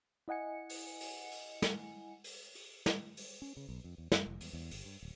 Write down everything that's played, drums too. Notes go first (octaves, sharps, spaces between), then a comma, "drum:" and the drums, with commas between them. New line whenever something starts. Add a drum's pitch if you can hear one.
E4 D#5 F#5 G#5 C#7
drum: open hi-hat
drum: open hi-hat
drum: open hi-hat
drum: snare
drum: open hi-hat
drum: open hi-hat
drum: snare
drum: open hi-hat
C#4
C#3
B1
F2
E2
F#2, drum: snare
F1
E2, drum: open hi-hat
E2
G1, drum: open hi-hat
G2
D1